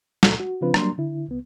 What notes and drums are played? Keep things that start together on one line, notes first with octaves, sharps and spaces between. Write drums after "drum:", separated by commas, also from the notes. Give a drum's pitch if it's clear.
C#2 A#2 A4 A#5, drum: snare
F#4
C#3 F3 C4 D4 F4 B4
F#3 G3 A#3 D4 A#5 C6, drum: rim click
D3 E4
C2 B3